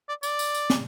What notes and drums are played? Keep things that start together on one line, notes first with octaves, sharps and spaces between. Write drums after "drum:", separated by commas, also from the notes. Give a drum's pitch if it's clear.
D5
D5, drum: tambourine
drum: tambourine
drum: tambourine
drum: snare